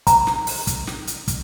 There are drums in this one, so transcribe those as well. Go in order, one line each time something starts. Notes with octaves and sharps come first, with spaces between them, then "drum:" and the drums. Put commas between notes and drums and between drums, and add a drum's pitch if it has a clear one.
A#5, drum: kick, hi-hat
drum: snare
drum: open hi-hat
drum: kick, hi-hat
drum: snare
drum: hi-hat
drum: kick, hi-hat